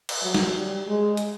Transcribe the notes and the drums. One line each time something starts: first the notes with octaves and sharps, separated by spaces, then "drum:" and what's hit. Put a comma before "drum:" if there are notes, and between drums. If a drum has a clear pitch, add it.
drum: cymbal
F#3
drum: snare
G3
G#3
drum: hi-hat